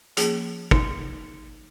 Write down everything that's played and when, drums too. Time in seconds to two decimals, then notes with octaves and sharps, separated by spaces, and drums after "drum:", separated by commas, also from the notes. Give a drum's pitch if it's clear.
0.17 F3 A#3 C#4 G#4, drum: hi-hat
0.71 D#4, drum: kick